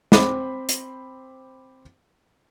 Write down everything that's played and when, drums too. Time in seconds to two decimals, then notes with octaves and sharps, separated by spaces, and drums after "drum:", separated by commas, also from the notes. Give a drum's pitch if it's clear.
0.12 C4 C5 B5 D6, drum: snare
0.69 drum: hi-hat